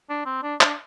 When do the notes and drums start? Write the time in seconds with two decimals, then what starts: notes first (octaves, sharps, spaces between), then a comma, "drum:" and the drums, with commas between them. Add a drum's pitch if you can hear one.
0.09 D4
0.26 C4
0.43 D4
0.61 D4, drum: clap